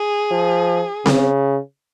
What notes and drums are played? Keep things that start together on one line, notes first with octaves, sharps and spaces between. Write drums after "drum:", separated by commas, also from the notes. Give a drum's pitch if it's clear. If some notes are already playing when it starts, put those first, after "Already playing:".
Already playing: G#4
F3
C#3, drum: snare C4